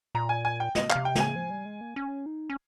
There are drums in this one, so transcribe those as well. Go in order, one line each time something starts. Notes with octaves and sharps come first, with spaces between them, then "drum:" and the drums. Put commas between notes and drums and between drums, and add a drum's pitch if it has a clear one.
A#2 A#5
G#5
G#5
G5
D#5, drum: snare
F5, drum: clap
C3
G5
C#3 G#5, drum: snare
F3
G3
G#3
A#3
C#4
D#4
C#4